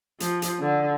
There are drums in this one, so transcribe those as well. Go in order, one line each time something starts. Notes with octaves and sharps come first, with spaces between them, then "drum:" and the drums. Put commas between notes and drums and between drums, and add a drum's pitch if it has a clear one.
F3, drum: hi-hat
drum: hi-hat
D3